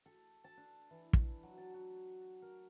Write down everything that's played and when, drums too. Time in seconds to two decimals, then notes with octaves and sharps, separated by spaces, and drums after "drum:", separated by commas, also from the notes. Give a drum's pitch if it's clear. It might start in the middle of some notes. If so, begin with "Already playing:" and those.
0.06 A4
0.44 A5
0.57 D4
0.90 E3
1.13 drum: kick
1.43 F#3
1.57 A5
1.74 F#4
2.42 A#4